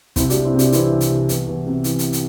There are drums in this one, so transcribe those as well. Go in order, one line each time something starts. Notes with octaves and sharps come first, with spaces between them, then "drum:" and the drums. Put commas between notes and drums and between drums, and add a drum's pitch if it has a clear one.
C2 C4 E4, drum: kick, hi-hat
D4 G4, drum: hi-hat
C2
C4 E4
C3
D4 G4, drum: hi-hat
E3 C4 E4, drum: hi-hat
C2
drum: hi-hat
C2
E2, drum: hi-hat
E2
C3
E3, drum: hi-hat
drum: hi-hat
drum: hi-hat